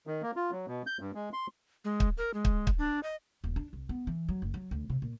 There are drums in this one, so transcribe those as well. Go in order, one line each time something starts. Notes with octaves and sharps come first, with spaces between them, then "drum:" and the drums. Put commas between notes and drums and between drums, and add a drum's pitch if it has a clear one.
D#3
A#3
F4
F#3
B2
G6
G2
G#3
C6
G#3
drum: kick
A#4
G#3
drum: kick
drum: kick
D4
D#5
D#1
D4
C2
B3
E3
F#3
F#1
F#3
D2
C3
A#2